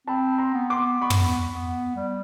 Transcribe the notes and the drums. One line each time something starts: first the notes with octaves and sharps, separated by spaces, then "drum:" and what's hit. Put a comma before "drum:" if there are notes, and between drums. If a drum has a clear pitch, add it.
C4 A5 B5
A#5 C6
B3
C6 D6
B3 B5 C#6
drum: tom
B3
G3